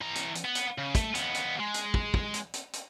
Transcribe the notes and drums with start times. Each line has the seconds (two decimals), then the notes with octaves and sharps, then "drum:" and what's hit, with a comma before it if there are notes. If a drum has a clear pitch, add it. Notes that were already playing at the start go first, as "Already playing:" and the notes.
0.01 E3 A#5
0.15 drum: hi-hat
0.35 drum: hi-hat
0.45 B3
0.55 drum: hi-hat
0.78 C#3
0.95 A3, drum: kick, hi-hat
1.15 D#2 B3, drum: hi-hat
1.34 drum: hi-hat
1.60 G#3
1.74 drum: hi-hat
1.94 drum: kick
2.14 drum: kick
2.34 drum: hi-hat
2.53 drum: hi-hat
2.73 drum: hi-hat